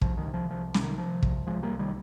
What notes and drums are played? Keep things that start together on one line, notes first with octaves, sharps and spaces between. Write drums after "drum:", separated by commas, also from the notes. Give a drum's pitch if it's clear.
C2 F3, drum: kick
D#3
C3
F3
C2 F3
C3, drum: snare
D#3
C3 F3
C2, drum: kick
C3 F3 G#3
G3 A#3
C2
D#3 G3